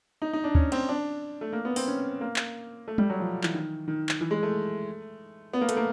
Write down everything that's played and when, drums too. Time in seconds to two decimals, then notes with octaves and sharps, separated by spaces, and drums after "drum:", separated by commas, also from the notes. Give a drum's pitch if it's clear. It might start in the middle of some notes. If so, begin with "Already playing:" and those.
0.22 D#4
0.33 D#4
0.44 D4
0.55 C#4, drum: kick
0.72 C4, drum: cymbal
0.89 D4
1.41 A3
1.53 A#3
1.65 B3
1.76 C4, drum: open hi-hat
1.88 C#4
2.21 A#3
2.36 drum: clap
2.88 A3
2.98 G3, drum: tom G3
3.10 F#3
3.20 F3
3.43 E3, drum: clap
3.54 D#3
3.88 D#3
4.09 drum: clap
4.21 E3
4.31 G#3
4.43 A3
5.53 B3
5.61 A#3
5.69 A3, drum: hi-hat
5.77 A#3